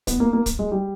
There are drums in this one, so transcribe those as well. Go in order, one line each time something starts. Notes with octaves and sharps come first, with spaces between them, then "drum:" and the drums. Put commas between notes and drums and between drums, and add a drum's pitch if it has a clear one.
B3, drum: kick, hi-hat
A#3
A#3
drum: kick, hi-hat
G#3
G3